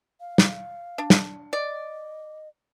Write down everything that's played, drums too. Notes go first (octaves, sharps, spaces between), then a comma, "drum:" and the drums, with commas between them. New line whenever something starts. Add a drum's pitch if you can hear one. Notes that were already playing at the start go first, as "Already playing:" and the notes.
F5
drum: snare
D4
drum: snare
D5 D#5